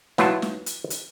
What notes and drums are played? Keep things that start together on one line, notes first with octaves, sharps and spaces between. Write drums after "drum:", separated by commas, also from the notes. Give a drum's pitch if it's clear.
E3 F#3 E4 F4 A5, drum: snare
drum: snare
drum: hi-hat
drum: hi-hat